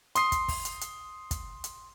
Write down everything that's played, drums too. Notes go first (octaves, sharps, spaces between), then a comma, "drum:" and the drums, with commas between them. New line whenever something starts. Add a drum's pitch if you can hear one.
C6 D#6 C7, drum: hi-hat
drum: kick, hi-hat
drum: kick, open hi-hat
drum: hi-hat
drum: hi-hat
drum: kick, hi-hat
drum: hi-hat